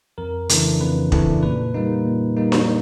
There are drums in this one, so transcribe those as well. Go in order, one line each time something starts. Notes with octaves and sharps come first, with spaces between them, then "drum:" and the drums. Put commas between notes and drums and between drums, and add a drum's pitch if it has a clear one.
F2 A#4
C#3 E3 A3 D4, drum: hi-hat
F2 B4
C#3 E3 A3 D4, drum: kick
A#2 B4
G3 A#3 D#4
A#2
G3 A#3 D#4
drum: snare D4